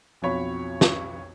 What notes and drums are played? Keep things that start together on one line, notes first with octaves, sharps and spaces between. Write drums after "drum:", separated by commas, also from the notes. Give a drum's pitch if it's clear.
B1 F2 F#4 C#5 B5
drum: snare